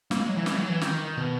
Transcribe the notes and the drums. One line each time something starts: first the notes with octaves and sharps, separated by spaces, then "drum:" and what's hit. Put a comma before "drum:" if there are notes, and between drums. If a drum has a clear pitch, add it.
A#3, drum: snare
G#3
F#3
E3
G#3, drum: snare
E3
F#3
E3
D#3, drum: snare
B2